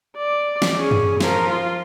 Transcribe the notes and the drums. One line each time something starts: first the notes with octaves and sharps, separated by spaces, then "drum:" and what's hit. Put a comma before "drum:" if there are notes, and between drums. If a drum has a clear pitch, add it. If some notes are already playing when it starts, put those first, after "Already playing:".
D5
drum: snare
C#4 G#4
drum: tom F#2
F3 A#4, drum: snare
F4